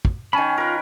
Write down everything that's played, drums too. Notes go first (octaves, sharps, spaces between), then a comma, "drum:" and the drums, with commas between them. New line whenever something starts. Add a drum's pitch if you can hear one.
drum: kick
D#3 C#4 G#5 A5 B5
F4 A#4 B4